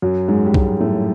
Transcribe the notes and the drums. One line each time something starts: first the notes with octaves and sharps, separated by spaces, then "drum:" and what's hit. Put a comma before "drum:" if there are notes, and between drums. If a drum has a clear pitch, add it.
F#2 F#3
G#2 G#3
G3
G#2 G#3, drum: kick B1
A2 A3